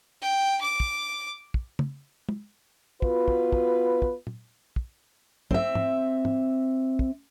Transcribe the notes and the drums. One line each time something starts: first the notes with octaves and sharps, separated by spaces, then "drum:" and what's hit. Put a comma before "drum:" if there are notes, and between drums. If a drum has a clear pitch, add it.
G5
D6
drum: kick
drum: kick
drum: tom
drum: tom
B3 F4 F#4 B4, drum: kick
drum: kick
drum: kick
drum: kick
drum: tom
drum: kick
C4 E5, drum: kick
drum: tom
drum: tom
drum: kick